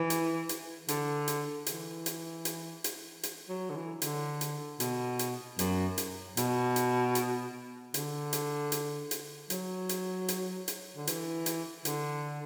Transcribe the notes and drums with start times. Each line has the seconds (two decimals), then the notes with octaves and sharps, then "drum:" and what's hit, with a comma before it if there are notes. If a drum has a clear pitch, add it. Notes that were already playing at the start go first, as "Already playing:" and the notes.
Already playing: E3
0.10 drum: hi-hat
0.49 drum: hi-hat
0.88 D3, drum: hi-hat
1.28 drum: hi-hat
1.66 E3, drum: hi-hat
2.06 drum: hi-hat
2.45 drum: hi-hat
2.84 drum: hi-hat
3.23 drum: hi-hat
3.49 F#3
3.70 D3
3.76 E3
4.02 D3, drum: hi-hat
4.41 drum: hi-hat
4.80 B2, drum: hi-hat
5.19 drum: hi-hat
5.59 F#2, drum: hi-hat
5.98 drum: hi-hat
6.37 B2, drum: hi-hat
6.76 drum: hi-hat
7.15 drum: hi-hat
7.94 D3, drum: hi-hat
8.33 drum: hi-hat
8.72 drum: hi-hat
9.11 drum: hi-hat
9.50 F#3, drum: hi-hat
9.89 drum: hi-hat
10.28 drum: hi-hat
10.68 drum: hi-hat
10.96 D3
11.07 E3, drum: hi-hat
11.46 drum: hi-hat
11.85 D3, drum: hi-hat